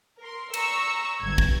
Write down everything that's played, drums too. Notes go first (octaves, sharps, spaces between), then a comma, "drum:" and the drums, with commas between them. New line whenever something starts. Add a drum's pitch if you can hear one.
A#4 C6
A#5 C#6 E6, drum: cymbal
G1 G#6
drum: kick